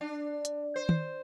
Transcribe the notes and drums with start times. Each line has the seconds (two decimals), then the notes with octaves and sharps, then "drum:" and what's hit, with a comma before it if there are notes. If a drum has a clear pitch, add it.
0.01 D4
0.45 drum: hi-hat
0.76 C5
0.89 drum: tom